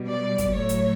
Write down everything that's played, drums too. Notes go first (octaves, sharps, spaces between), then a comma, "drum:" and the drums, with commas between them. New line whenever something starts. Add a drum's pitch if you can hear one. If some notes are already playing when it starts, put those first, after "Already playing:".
Already playing: B2 G3
D5
drum: kick, hi-hat
A2 F#3 A3 C#5
drum: hi-hat